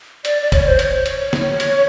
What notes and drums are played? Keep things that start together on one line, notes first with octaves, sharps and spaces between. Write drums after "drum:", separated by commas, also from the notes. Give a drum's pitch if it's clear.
D5, drum: hi-hat
D5
C#5, drum: kick, hi-hat
C5
C#5, drum: hi-hat
C#5, drum: hi-hat
drum: snare
drum: hi-hat